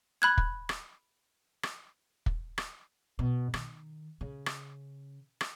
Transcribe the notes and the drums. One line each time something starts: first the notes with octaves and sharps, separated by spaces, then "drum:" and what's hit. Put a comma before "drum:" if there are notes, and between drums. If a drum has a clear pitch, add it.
B5 F#6 G#6
drum: kick
drum: rim click
drum: rim click
drum: kick
drum: rim click
B2
D#3, drum: rim click
C#3
drum: rim click
drum: rim click